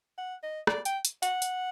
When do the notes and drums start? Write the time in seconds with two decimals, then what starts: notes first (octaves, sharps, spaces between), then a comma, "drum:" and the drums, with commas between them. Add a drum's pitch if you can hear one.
0.18 F#5
0.43 D#5
0.67 D5, drum: rim click
0.85 G5, drum: hi-hat
1.05 drum: hi-hat
1.23 F#5, drum: hi-hat
1.42 drum: hi-hat